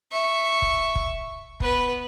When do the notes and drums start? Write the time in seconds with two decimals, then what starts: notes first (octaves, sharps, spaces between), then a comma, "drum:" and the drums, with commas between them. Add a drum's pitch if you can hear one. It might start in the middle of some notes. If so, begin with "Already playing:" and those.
0.12 E5 C#6
0.62 drum: kick
0.95 drum: kick
1.60 B3 B4, drum: kick